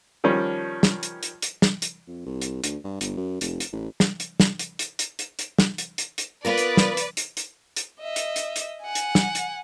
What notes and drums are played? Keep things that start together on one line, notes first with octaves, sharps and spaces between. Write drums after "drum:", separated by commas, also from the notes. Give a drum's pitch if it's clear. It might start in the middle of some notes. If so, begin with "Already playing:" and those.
D#3 F3 G3 C#4
drum: snare
drum: hi-hat
drum: hi-hat
drum: hi-hat
drum: snare
drum: hi-hat
F2
C2
drum: hi-hat
D2, drum: hi-hat
G2
G1, drum: hi-hat
F#2
F1, drum: hi-hat
drum: hi-hat
A1
drum: snare
drum: hi-hat
drum: snare
drum: hi-hat
drum: hi-hat
drum: hi-hat
drum: hi-hat
drum: hi-hat
drum: snare
drum: hi-hat
drum: hi-hat
drum: hi-hat
B3 F4 A#4 B4 D5
drum: hi-hat
drum: snare
drum: hi-hat
drum: hi-hat
drum: hi-hat
drum: hi-hat
D#5 E5
drum: hi-hat
drum: hi-hat
drum: hi-hat
F#5 G#5
drum: hi-hat
drum: snare
drum: hi-hat